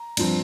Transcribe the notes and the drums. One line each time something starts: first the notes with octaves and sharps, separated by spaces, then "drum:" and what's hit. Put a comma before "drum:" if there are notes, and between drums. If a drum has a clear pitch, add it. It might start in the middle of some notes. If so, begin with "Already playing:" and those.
Already playing: A#5
G2 F3 C4, drum: cymbal